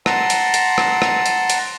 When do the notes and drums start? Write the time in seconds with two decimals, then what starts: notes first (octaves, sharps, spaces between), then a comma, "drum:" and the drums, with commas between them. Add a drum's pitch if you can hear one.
0.06 F#5 A5 A#5 C6, drum: rim click
0.30 drum: hi-hat
0.54 drum: hi-hat
0.78 drum: rim click
1.02 drum: rim click
1.26 drum: hi-hat
1.50 drum: hi-hat